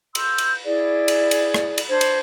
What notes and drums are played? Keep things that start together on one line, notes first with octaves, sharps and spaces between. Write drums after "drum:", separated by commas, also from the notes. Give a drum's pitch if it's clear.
C6 E6 G6, drum: cymbal
drum: cymbal
E4 G#4 D5
drum: cymbal
drum: cymbal
drum: rim click
drum: cymbal
D4 C5 G#6
drum: cymbal